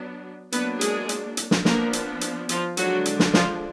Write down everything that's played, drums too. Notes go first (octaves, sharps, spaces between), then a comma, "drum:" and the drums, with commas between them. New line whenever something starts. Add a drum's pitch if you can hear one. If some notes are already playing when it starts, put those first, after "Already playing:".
Already playing: F#3 B3 D4
F#3 A#3 B3 D4 B4, drum: hi-hat
G#3 G#4, drum: hi-hat
drum: hi-hat
drum: hi-hat
drum: snare
F3 A#3 B3 D4 A#4, drum: snare
drum: hi-hat
drum: hi-hat
F3 F4, drum: hi-hat
D3 F#3 G#3 D4 F#4, drum: hi-hat
drum: hi-hat
drum: snare
F3 F4, drum: snare